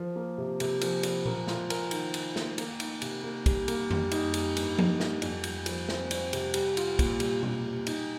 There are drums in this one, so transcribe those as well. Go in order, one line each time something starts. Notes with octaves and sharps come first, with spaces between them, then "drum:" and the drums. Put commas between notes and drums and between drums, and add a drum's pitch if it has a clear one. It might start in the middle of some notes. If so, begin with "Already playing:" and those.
Already playing: F3
A#3
C3
C3, drum: cymbal
F3, drum: cymbal
F3, drum: cymbal
A#4, drum: tom A#2
F4, drum: snare
A#4, drum: cymbal
D#3, drum: cymbal
F4, drum: cymbal
A#3, drum: snare
A#3, drum: cymbal
D#4, drum: cymbal
C3, drum: cymbal
A#3
G3, drum: kick, cymbal
A#3, drum: cymbal
G3, drum: tom F2
D#4, drum: cymbal
G3, drum: cymbal
G2, drum: cymbal
D#4, drum: tom F3
G3, drum: snare
F2, drum: cymbal
F2, drum: cymbal
F3, drum: cymbal
C4, drum: snare
C4, drum: cymbal
C3, drum: cymbal
G3, drum: cymbal
F4, drum: cymbal
A#2, drum: kick, cymbal
G3, drum: cymbal
G3, drum: tom B2
G3
D#4, drum: cymbal